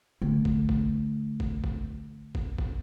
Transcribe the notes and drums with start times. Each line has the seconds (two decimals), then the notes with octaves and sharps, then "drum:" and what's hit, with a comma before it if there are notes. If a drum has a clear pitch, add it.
0.22 D3 A3
0.45 drum: kick
0.69 drum: kick
1.40 drum: kick
1.64 drum: kick
2.35 drum: kick
2.58 drum: kick